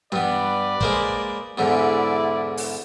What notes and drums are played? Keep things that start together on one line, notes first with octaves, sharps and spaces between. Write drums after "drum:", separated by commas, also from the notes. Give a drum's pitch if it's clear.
G2 B3 B4 D5, drum: tom
G#3 A#3 C5, drum: kick
E2 G#2 D3 E4 D5
drum: open hi-hat